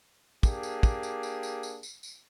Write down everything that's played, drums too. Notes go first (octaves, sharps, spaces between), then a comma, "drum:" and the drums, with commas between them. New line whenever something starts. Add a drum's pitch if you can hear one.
A#3 D4 G4 G#4, drum: kick, tambourine
drum: tambourine
drum: kick, tambourine
drum: tambourine
drum: tambourine
drum: tambourine
drum: tambourine
drum: tambourine
drum: tambourine